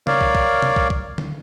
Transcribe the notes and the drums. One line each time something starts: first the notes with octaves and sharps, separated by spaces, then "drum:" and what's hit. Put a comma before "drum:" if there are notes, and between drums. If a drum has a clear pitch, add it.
A#4 C#5 D5 F5, drum: tom C#3
drum: kick
drum: kick
drum: tom
drum: kick
drum: kick
drum: tom D3